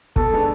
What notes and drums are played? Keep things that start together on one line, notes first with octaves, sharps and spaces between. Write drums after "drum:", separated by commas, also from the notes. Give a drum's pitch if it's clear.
B2 A4, drum: kick
G#3 B3 D4